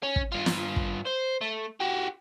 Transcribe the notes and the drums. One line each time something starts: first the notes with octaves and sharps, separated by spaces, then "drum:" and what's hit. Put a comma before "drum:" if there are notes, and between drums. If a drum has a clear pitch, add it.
C#4
drum: kick
G2 F4
drum: snare
drum: kick
C5
A3
F#4 G4